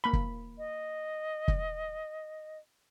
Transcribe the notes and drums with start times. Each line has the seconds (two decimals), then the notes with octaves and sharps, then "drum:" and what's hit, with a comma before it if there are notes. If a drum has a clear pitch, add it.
0.04 A#3 B5
0.13 drum: kick
0.58 D#5
1.48 drum: kick